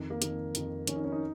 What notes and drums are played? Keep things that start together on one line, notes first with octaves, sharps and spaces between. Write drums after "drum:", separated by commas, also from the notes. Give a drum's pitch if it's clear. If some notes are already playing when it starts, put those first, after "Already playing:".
Already playing: F2 D#3
A#3
F2 D#3 A#3, drum: hi-hat
F2 D#3, drum: hi-hat
F2 D#3 C#4, drum: hi-hat
D#4
C#4
D#4